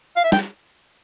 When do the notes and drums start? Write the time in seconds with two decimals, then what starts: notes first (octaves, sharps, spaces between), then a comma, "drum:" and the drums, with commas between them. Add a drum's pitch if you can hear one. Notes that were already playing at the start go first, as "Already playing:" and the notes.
0.17 F5
0.24 E5
0.32 G5, drum: snare